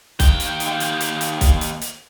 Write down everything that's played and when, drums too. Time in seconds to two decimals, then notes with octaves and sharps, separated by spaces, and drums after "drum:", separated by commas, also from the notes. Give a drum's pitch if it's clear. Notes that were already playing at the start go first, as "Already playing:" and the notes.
0.20 D#2 G5, drum: kick B1, hi-hat
0.40 drum: hi-hat
0.60 drum: hi-hat
0.80 drum: hi-hat
1.01 drum: hi-hat
1.21 drum: hi-hat
1.41 drum: kick B1, hi-hat
1.61 drum: hi-hat
1.82 drum: hi-hat